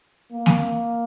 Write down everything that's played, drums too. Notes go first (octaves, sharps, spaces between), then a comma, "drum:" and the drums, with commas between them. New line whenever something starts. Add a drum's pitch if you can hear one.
A#3
drum: snare A#3